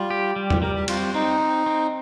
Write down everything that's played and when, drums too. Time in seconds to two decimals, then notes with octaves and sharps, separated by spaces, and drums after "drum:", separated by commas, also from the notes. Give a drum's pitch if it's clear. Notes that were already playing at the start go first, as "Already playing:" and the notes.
Already playing: G3 F4
0.11 G4
0.36 G3
0.50 drum: tom E2
0.62 G3 A#4
0.76 G4
0.88 C4 F4, drum: cymbal
1.02 F4
1.14 C4 D#4
1.40 C4
1.66 C4